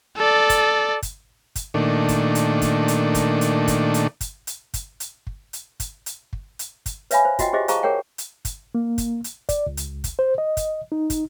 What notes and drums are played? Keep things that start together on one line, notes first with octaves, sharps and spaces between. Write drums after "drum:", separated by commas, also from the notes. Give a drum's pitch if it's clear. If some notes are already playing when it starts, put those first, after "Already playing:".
A4 D5
drum: kick, hi-hat
drum: kick, hi-hat
drum: kick, hi-hat
A#2 D#3 A3 D4
drum: kick, hi-hat
drum: hi-hat
drum: kick, hi-hat
drum: hi-hat
drum: kick, hi-hat
drum: hi-hat
drum: kick, hi-hat
drum: hi-hat
drum: kick, hi-hat
drum: hi-hat
drum: kick, hi-hat
drum: hi-hat
drum: kick
drum: hi-hat
drum: kick, hi-hat
drum: hi-hat
drum: kick
drum: hi-hat
drum: kick, hi-hat
B4 C#5 E5 F5 G#5 B5, drum: hi-hat
C5
F4 F#4 D#5 F#5 G5, drum: kick, hi-hat
G4 G#4 C5 D#5 E5
G#4 C5 F5 A5 A#5 C#6, drum: hi-hat
G#4 A#4 C#5 F#5 G5
drum: hi-hat
drum: kick, hi-hat
A#3
drum: kick, hi-hat
drum: hi-hat
D5, drum: kick, hi-hat
C#2
drum: hi-hat
drum: kick, hi-hat
C5
D#5
drum: kick, hi-hat
D#4
drum: kick, hi-hat